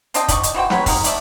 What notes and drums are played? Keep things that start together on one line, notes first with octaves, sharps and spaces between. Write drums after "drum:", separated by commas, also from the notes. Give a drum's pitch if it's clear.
C4 D4 D#5 G5, drum: hi-hat
D5 D#5 B5 C#6, drum: kick, hi-hat
drum: hi-hat
E3 F#4 C5 G5
C3 F#3 B4 C#5, drum: snare
G#3 A#3 D#4, drum: kick, open hi-hat
A3 D5 E5, drum: hi-hat